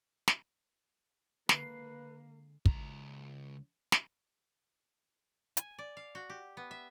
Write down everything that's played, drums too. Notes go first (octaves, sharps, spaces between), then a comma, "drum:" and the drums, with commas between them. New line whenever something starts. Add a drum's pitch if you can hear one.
drum: snare
D3 G#3 A#3 B4 C7, drum: snare
C#2 A#5, drum: kick
drum: snare
G#5, drum: hi-hat
D5
F5
F#4
G4
B3
E5